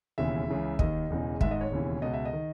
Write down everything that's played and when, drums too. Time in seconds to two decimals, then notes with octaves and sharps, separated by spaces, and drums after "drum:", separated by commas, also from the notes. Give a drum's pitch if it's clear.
0.18 E1 D#2 C#3 E3 E5
0.48 C#2 C#3 E3
0.79 D#2 D#3 D#5, drum: kick
1.10 E1 E2 C#3 E3
1.41 G#1 G#2 D#3 E5, drum: kick
1.51 D#5
1.61 C#5
1.71 E1 D#2 C#3 E3
2.02 C#2 B2 D#5
2.14 E5
2.25 D#5
2.33 D#3